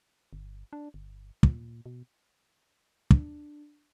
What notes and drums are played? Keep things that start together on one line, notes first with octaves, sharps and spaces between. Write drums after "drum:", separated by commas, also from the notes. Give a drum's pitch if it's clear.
G1
D4
G1
A#2, drum: kick
B2
D4, drum: kick